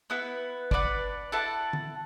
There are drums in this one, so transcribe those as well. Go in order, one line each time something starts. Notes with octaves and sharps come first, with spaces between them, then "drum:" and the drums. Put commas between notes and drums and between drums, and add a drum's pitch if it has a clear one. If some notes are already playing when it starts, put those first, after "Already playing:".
B3 E4 B4 F#5
D4 B4 D5 F#5, drum: kick
E4 A4 F#5 A5
drum: tom D3